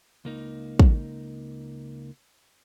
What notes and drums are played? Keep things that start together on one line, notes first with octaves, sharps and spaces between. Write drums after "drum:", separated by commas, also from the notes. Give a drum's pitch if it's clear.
C#2 A#3 D#4
drum: kick